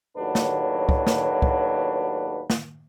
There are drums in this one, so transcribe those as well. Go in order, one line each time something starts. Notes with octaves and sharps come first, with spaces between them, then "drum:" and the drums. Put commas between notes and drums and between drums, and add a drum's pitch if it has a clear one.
D#2 A2 F#3 D4 F#4 B4
drum: snare
drum: kick
drum: snare
drum: kick
drum: snare